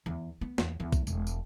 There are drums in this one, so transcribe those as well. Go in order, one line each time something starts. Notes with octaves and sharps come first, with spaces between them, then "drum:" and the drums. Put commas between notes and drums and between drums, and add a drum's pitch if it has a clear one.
E2
B3
E2, drum: snare
E2
drum: kick B1, tambourine
E1, drum: tambourine
drum: tambourine